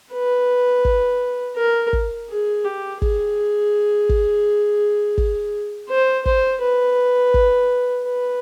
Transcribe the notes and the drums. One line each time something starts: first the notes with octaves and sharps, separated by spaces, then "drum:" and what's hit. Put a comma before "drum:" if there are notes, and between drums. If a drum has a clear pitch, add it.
B4
drum: kick
A#4
drum: kick
G#4
G4
G#4, drum: kick
drum: kick
drum: kick
C5
C5, drum: kick
B4
drum: kick
B4